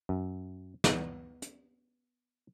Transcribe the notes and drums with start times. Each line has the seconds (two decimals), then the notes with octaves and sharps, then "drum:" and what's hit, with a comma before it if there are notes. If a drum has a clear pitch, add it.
0.09 F#2
0.84 B3, drum: snare
1.42 drum: hi-hat